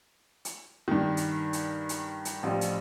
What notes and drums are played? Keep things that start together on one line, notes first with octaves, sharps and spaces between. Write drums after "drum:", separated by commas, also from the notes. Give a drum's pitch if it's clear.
drum: hi-hat
G2 D#3
drum: hi-hat
drum: hi-hat
drum: hi-hat
drum: hi-hat
A1 F3 G3
drum: hi-hat